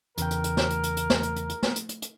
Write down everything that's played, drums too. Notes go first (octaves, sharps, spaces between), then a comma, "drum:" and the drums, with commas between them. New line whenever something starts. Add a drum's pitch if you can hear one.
E2 C#3 A#4 G5, drum: hi-hat
drum: hi-hat
drum: hi-hat
drum: snare
drum: hi-hat
drum: hi-hat
drum: hi-hat
drum: snare
drum: hi-hat
drum: hi-hat
drum: hi-hat
drum: snare
drum: hi-hat
drum: hi-hat
drum: hi-hat